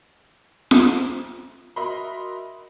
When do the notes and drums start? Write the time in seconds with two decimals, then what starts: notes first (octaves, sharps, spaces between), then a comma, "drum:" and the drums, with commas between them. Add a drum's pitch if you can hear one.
0.71 drum: snare F4
1.76 F#4 A#4 D#5 E5 B5 C6